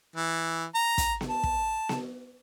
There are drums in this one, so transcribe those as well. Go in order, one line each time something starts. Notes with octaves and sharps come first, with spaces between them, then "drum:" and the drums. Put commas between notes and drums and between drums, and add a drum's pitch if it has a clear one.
E3
A#5
drum: kick, hi-hat
drum: snare B3
A5
drum: kick
drum: snare B3